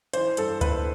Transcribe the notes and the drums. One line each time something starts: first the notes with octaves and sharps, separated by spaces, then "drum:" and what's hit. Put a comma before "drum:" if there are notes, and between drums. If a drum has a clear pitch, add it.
E3 C5, drum: hi-hat
G2 A4, drum: hi-hat
G1 B4, drum: kick D2, hi-hat